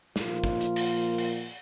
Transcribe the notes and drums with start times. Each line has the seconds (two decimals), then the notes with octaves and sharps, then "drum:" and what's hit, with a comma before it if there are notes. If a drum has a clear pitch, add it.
0.16 A#2 F3 A#3 F4, drum: snare
0.44 drum: kick
0.61 drum: hi-hat
0.76 drum: cymbal
1.18 drum: cymbal